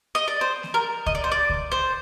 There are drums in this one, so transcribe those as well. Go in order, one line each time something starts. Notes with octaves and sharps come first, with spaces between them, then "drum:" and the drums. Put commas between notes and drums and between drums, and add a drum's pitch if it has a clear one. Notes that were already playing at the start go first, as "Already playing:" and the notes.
D#5
D5
C5
drum: snare A#3
A#4
D#5, drum: kick C#2
D5
C5
D5
drum: kick C#2
C5